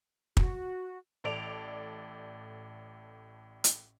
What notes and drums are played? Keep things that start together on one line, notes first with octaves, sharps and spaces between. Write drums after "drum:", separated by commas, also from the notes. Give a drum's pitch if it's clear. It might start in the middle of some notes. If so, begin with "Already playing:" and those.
F#4, drum: kick
A1 A2 A4 D5 D7 F7
drum: hi-hat